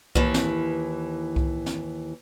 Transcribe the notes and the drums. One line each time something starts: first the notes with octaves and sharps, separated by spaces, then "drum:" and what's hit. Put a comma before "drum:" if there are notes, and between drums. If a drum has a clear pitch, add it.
D#2 E3, drum: kick C2
drum: snare
drum: kick C2
drum: snare